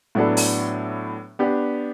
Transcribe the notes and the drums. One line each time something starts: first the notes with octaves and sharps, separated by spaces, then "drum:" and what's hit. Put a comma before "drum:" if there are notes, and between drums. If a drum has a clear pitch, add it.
A2 F#3 B3 D4 A4
drum: open hi-hat
B3 D4 G4